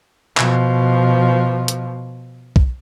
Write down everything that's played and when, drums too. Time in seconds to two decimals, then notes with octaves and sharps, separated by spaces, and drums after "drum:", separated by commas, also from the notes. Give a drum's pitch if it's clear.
0.37 B2 F3, drum: clap
1.68 drum: hi-hat
2.56 drum: kick